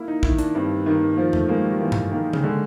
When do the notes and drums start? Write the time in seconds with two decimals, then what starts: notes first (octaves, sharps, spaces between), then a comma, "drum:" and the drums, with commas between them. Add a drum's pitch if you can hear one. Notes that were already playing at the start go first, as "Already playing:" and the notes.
Already playing: A#3 E4
0.08 D#4
0.23 D#3 E4, drum: kick
0.38 D4, drum: hi-hat
0.55 G2 C4
0.86 D#3 A#3
1.17 F3 A#3
1.33 A3, drum: tom E2
1.48 G#3 A#3
1.65 G3
1.80 E3 A#3
1.92 drum: tom G2
2.12 D#3 A#3
2.33 C#3, drum: tom D3
2.43 D3 G#3